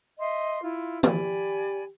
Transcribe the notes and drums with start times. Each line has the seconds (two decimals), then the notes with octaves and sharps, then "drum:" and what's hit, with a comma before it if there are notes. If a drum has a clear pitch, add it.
0.19 D#5 E5 C6
0.61 E4 F4
1.03 G4 D5 G#5 B5, drum: tom